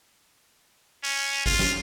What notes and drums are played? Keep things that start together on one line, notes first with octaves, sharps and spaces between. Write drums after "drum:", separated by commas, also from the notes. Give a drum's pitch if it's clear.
C#4
F4, drum: kick G1
drum: snare